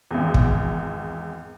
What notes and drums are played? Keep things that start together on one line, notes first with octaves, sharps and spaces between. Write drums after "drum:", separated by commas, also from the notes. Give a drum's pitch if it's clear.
G#1 E2
drum: kick